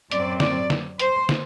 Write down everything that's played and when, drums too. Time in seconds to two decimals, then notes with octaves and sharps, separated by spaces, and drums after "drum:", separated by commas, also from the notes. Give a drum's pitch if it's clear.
0.11 F#2 F#3 C4 D5, drum: hi-hat
0.40 D5, drum: snare
0.70 drum: snare
0.99 C5, drum: hi-hat
1.29 drum: snare